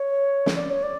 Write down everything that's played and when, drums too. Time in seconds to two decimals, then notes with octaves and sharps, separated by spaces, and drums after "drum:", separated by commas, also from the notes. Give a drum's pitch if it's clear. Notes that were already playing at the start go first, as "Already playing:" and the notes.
Already playing: C#5
0.46 drum: snare
0.56 D5
0.70 C#5
0.83 D5